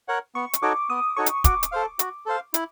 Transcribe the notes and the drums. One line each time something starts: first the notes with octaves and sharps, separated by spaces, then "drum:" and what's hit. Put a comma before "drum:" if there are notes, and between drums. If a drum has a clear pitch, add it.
A#4 C#5 F#5
B3 C#6
drum: hi-hat
D#4 F#4 A4 C#5 D6
B3 D#6
D#4 F#4 A4 C#5 C#6
drum: hi-hat
F#4 D6, drum: kick, hi-hat
drum: hi-hat
A4 C5 F5
F#4, drum: hi-hat
A4 C5 F5
E4, drum: hi-hat